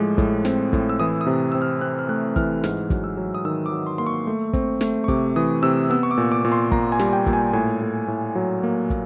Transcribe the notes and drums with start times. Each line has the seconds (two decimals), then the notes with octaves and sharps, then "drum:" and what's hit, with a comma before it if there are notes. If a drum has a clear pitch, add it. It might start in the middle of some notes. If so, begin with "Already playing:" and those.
Already playing: A2 F3 G#3 D6
0.18 A2, drum: kick
0.45 C4, drum: snare
0.73 A2, drum: kick
0.89 E6
1.00 E3 D#6
1.21 D#6
1.27 C3
1.52 C4 E6
1.62 F6
1.81 C4 F#6
1.99 F6
2.09 A3 F#6
2.36 E3 F6, drum: kick
2.64 G#2 F6, drum: snare
2.90 F#3, drum: kick
3.04 E6
3.17 F#3
3.35 D#6
3.45 D#3 E6
3.66 D6
3.72 F#3
3.86 C6
3.98 A#3 C6
4.07 C#6
4.27 A3
4.53 C4, drum: kick
4.81 A3, drum: snare
5.04 C#6
5.08 C3 D6, drum: kick
5.36 E3 D#6
5.63 C3 E6
5.90 B3 E6
6.03 C#6
6.11 D6
6.18 A#2
6.32 D6
6.44 A#2
6.52 C6
6.72 A#2 A#5, drum: kick
6.92 G#5
6.99 G3, drum: snare
7.13 G5
7.26 A#2, drum: kick
7.33 G#5
7.53 A2 G#5
7.82 A2
8.08 A2
8.35 F#3
8.63 A#3
8.90 A#3, drum: kick